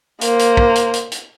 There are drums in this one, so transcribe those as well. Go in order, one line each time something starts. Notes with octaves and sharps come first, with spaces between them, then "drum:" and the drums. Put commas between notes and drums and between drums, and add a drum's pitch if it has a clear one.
A#3 C5, drum: hi-hat
drum: hi-hat
drum: kick
drum: hi-hat
drum: hi-hat
drum: hi-hat